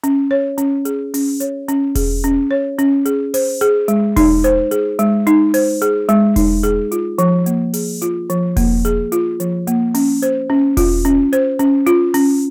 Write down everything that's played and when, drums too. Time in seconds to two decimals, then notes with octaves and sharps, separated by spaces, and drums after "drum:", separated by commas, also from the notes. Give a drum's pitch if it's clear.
0.04 C#4, drum: hi-hat
0.31 C#5
0.58 C#4, drum: hi-hat
0.85 G#4, drum: hi-hat
1.14 C#4, drum: open hi-hat
1.40 C#5, drum: hi-hat
1.68 C#4, drum: hi-hat
1.95 G#4, drum: kick E1, open hi-hat
2.24 C#4, drum: hi-hat
2.51 C#5
2.79 C#4, drum: hi-hat
3.06 G#4, drum: hi-hat
3.34 C5, drum: open hi-hat
3.61 G#4, drum: hi-hat
3.88 G#3, drum: hi-hat
4.16 D#4, drum: kick E1, open hi-hat
4.44 C5, drum: hi-hat
4.71 G#4, drum: hi-hat
4.99 G#3, drum: hi-hat
5.27 D#4, drum: hi-hat
5.54 C5, drum: open hi-hat
5.82 G#4, drum: hi-hat
6.09 G#3, drum: hi-hat
6.36 D#4, drum: kick E1, open hi-hat
6.63 G#4, drum: hi-hat
6.92 F4, drum: hi-hat
7.18 F3, drum: hi-hat
7.46 A#3, drum: hi-hat
7.74 G#4, drum: open hi-hat
8.02 F4, drum: hi-hat
8.30 F3, drum: hi-hat
8.57 A#3, drum: kick E1, open hi-hat
8.85 G#4, drum: hi-hat
9.12 F4, drum: hi-hat
9.40 F3, drum: hi-hat
9.67 A#3, drum: hi-hat
9.95 C#4, drum: open hi-hat
10.22 C5, drum: hi-hat
10.50 C#4
10.77 F4, drum: kick E1, open hi-hat
11.05 C#4, drum: hi-hat
11.33 C5, drum: hi-hat
11.59 C#4, drum: hi-hat
11.86 F4, drum: hi-hat
12.14 C#4, drum: open hi-hat